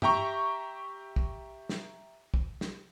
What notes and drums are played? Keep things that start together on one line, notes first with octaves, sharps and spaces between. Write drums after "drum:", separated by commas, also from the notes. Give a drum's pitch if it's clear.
G4 E5 G5 A#5 C#6, drum: tom G2
drum: kick
drum: snare
drum: kick
drum: snare